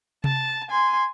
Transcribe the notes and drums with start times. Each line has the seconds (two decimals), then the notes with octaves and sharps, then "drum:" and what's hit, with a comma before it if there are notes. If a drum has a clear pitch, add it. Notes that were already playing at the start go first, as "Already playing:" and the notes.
0.24 A5, drum: tom C3
0.70 G#5 C6